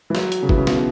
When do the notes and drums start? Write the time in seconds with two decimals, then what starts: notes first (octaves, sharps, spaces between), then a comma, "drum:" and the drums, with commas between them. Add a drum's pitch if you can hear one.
0.10 E3
0.15 F#3, drum: snare
0.32 drum: hi-hat
0.42 C#3
0.49 E3, drum: kick
0.57 C#3
0.67 B2, drum: snare